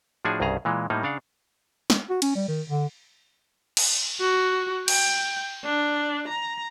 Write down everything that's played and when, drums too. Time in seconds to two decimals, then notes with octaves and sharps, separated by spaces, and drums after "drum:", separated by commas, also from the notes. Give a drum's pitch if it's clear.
0.25 A2 F3 D4 F#4 G#4 G#5
0.40 C2 G2 C#3 G#4 A#5
0.65 A#2 E3 G#3
0.90 A2 G3 A#3 D#4
1.03 C#3 D4 F5 F#5
1.90 drum: snare
2.09 F#4
2.22 C#4, drum: cymbal
2.35 G3
2.48 D#3
2.69 D3
3.77 drum: cymbal
4.20 F#4
4.88 G5, drum: cymbal
5.65 D4
6.28 A#5